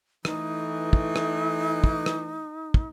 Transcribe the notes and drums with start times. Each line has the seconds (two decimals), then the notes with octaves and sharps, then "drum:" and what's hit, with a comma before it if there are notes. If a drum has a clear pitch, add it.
0.25 E3 A3 D#4, drum: rim click
0.93 drum: kick
1.16 drum: rim click
1.84 drum: kick
2.06 drum: rim click
2.74 drum: kick